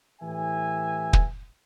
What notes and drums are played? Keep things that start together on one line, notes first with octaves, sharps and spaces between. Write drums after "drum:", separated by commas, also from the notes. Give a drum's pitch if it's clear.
A2 E3 G4 B4 E5 G#5
drum: kick